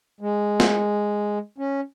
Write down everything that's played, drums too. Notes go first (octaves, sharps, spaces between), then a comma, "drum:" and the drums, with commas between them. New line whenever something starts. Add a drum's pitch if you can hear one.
G#3
drum: snare
C#4